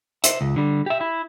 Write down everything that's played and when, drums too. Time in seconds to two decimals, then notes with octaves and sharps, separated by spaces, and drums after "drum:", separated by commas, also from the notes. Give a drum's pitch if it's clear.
0.24 C5 E5, drum: hi-hat
0.41 C#2
0.56 D3 G3
0.86 G4 E5
1.00 E4 E5